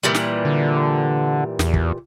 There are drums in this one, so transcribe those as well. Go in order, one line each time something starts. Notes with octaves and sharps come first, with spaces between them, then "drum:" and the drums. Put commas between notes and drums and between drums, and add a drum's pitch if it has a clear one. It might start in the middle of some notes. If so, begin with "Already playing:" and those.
A#2 E3 G3
drum: snare
D3
E2, drum: snare
drum: kick